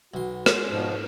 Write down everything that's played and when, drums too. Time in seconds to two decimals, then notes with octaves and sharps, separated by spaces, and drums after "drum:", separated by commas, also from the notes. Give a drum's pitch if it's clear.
0.14 B1 F#4 C6
0.46 G#3 A#4, drum: rim click
0.70 G#2 B2 F3 C5